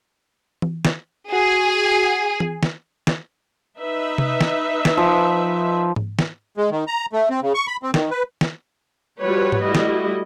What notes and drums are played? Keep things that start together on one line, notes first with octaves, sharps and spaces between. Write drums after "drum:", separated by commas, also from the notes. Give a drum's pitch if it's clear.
drum: tom E3
drum: snare
F#4 G#4
drum: tom E3
drum: snare
drum: snare
D#4 B4 E5
drum: tom C3
drum: snare
drum: snare
F3
drum: tom G#2
drum: snare
G#3
D#3
A#5
A3
C4
C#3
C#6
B5
C4
D#3, drum: snare
B4
drum: snare
F3 G3 F#4 G4 B4 C#5
drum: tom G#2
G3 A3 E4 F#4 D#5
drum: snare